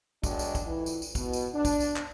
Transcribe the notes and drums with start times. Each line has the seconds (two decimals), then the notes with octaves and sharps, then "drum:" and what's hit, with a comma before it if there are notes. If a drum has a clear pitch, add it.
0.24 B1 F#3 G#3 D4 D#5 G5, drum: kick, tambourine
0.39 drum: tambourine
0.55 drum: kick, tambourine
0.66 F2 E3
0.86 drum: tambourine
1.02 drum: tambourine
1.15 B2, drum: kick, tambourine
1.33 drum: tambourine
1.55 D4
1.65 drum: kick, tambourine
1.80 drum: tambourine
1.96 drum: clap